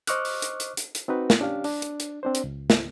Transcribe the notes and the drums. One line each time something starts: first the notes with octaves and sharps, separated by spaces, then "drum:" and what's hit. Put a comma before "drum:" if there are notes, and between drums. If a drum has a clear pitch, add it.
C5 D#5 C#6 D6 F6 F#6, drum: hi-hat
drum: open hi-hat
drum: hi-hat
drum: hi-hat
drum: hi-hat
drum: hi-hat
C4 D#4 F#4 B4
drum: snare
C#4 D4 G4 F5
D4, drum: open hi-hat
drum: hi-hat
drum: hi-hat
C4 D4 C5
drum: hi-hat
C#2
drum: snare